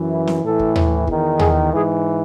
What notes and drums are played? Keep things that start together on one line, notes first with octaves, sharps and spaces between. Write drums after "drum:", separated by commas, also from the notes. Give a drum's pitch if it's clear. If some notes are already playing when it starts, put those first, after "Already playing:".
Already playing: F#2 E3
E4
drum: snare
A2 E3 A4
drum: kick
drum: tom D#2
E2 D#3, drum: kick
G#4, drum: tom D#2
G#2 E3 G#4